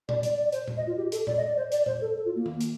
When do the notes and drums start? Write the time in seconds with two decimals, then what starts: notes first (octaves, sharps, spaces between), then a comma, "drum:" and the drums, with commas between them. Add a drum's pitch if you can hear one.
0.09 D5, drum: tom A#2
0.23 D5, drum: hi-hat
0.38 D5
0.52 C5, drum: hi-hat
0.68 drum: tom A#2
0.77 D#5
0.87 F4
0.97 G4
1.12 A4, drum: hi-hat
1.27 D5, drum: tom A#2
1.37 D#5
1.47 D5
1.56 C5
1.72 D5, drum: hi-hat
1.86 C5, drum: tom A#2
2.01 A4
2.16 A4
2.26 F4
2.36 A#3
2.46 drum: tom D#3
2.61 drum: hi-hat